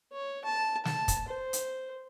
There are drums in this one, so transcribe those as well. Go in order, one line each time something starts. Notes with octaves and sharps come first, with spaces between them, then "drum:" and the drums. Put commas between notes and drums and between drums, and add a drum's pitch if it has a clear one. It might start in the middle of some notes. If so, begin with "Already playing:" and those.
C#5
A5
A5, drum: snare
drum: kick, hi-hat
C5
drum: hi-hat